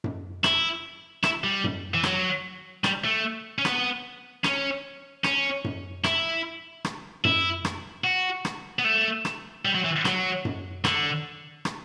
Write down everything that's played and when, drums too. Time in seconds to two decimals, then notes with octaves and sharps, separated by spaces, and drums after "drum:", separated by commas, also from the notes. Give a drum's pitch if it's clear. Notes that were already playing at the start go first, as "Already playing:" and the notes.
0.04 drum: tom F#2
0.44 E4, drum: rim click
1.23 E4, drum: rim click
1.44 G3
1.64 drum: tom F#2
1.94 E3
2.03 F#3, drum: rim click
2.84 G3, drum: rim click
3.05 A3
3.59 C#4
3.65 B3, drum: rim click
4.44 C#4, drum: rim click
5.24 C#4, drum: rim click
5.64 drum: tom F#2
6.04 E4, drum: rim click
6.85 drum: rim click
7.25 E4, drum: tom F#2
7.65 drum: rim click
8.04 F#4
8.45 drum: rim click
8.79 B3
8.84 A3
9.25 drum: rim click
9.65 G3
9.75 F#3
9.85 E3
10.05 F#3, drum: rim click
10.45 drum: tom F#2
10.84 D3, drum: rim click
11.65 drum: rim click